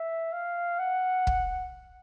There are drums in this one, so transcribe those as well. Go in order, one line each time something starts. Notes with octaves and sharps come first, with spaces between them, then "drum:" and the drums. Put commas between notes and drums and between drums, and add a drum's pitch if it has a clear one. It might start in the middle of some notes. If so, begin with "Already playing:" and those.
Already playing: E5
F5
F#5
drum: kick